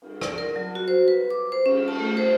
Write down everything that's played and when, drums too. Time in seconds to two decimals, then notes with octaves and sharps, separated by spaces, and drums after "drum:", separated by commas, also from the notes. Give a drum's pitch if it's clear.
0.02 drum: cymbal
0.21 D5, drum: rim click
0.38 A#4
0.56 F#3
0.75 F#4
0.88 C5
1.08 B4
1.31 D6
1.52 C5
1.66 C#4, drum: cymbal
1.88 A5, drum: cymbal
2.00 A3
2.17 C5